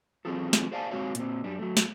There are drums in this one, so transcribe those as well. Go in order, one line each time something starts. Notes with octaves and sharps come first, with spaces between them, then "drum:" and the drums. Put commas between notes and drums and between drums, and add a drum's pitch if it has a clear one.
E3 F#3 C4 F4 G#4 A4
drum: snare
G#4 C5 D5 F5 G#5 A5
G#3 C4 F#4 C#5 F5
A#2 C4, drum: hi-hat
F#2 G3 D4
F#3 A3
drum: snare